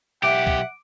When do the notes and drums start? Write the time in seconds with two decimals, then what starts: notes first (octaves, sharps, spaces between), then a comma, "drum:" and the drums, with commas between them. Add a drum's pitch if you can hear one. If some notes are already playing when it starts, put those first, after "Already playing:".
0.23 B1 G4 E5 F#5 D6 D7
0.47 drum: kick